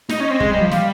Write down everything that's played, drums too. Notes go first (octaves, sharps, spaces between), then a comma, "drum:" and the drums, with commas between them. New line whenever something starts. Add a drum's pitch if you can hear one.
D#4 D#5, drum: snare
C#4 D#5
C4
G#3, drum: kick
G3
F3
G3 F5, drum: snare